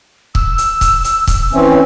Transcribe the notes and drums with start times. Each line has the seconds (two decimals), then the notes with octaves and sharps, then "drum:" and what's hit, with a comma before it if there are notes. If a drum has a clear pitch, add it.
0.35 E6, drum: kick
0.58 drum: hi-hat
0.81 drum: kick, hi-hat
1.04 drum: hi-hat
1.27 drum: kick, hi-hat
1.53 E3 C4 C#4 E5